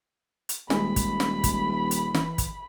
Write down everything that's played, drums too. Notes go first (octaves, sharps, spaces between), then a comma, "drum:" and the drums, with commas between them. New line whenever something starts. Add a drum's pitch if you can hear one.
drum: hi-hat
D#1 G#3 B5, drum: snare
drum: kick, hi-hat
drum: snare
drum: kick, hi-hat
drum: hi-hat
E3, drum: snare
drum: kick, hi-hat